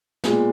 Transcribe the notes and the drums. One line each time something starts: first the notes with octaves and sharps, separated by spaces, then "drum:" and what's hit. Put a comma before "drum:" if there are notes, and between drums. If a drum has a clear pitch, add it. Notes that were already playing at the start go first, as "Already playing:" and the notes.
A#2 G#3 B3, drum: snare